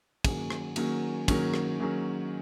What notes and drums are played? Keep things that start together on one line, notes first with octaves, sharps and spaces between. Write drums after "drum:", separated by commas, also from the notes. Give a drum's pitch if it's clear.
D#3 F#3 A#3 C#4 G#4, drum: kick, cymbal
drum: rim click
D#3 F#3 A#3 C#4 G#4, drum: cymbal
D#3 F#3 A#3 C#4 G#4, drum: kick, cymbal
drum: rim click
D#3 F#3 A#3 C#4 G#4